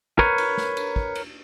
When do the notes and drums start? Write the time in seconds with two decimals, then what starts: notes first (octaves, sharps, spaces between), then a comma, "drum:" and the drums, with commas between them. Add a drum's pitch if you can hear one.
0.19 A#4 B4 C#5, drum: kick
0.38 drum: cymbal
0.57 drum: snare
0.77 drum: cymbal
0.96 drum: kick
1.15 drum: cymbal